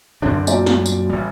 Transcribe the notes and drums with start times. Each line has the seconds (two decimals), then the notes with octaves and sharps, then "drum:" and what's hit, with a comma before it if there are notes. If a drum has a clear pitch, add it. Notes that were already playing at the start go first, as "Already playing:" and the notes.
0.22 F#2 D3 C4 D4
0.47 A#2 F#3 D5, drum: tambourine
0.66 drum: snare
0.86 drum: tambourine
1.10 A1 G3